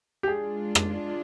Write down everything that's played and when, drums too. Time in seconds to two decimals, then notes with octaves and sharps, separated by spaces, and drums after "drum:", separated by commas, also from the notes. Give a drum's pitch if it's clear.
0.23 G4
0.28 G#3 D4 F4 G#4
0.75 drum: rim click